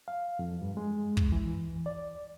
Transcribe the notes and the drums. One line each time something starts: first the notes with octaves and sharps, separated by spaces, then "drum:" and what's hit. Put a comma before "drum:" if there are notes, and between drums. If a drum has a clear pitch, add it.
F5
F2
G2
G#3
drum: kick
E3
D5